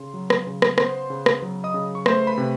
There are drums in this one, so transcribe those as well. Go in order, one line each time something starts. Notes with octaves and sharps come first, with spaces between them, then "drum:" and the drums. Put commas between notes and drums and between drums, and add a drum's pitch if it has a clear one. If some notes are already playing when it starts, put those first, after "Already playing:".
Already playing: C#3 C6
F#3
drum: rim click
C#3
drum: rim click
B3 C5 C6, drum: rim click
C#3
drum: rim click
F#3
D#5 D#6
C#3
C#6
A3 C5 C6, drum: rim click
B4 B5
C3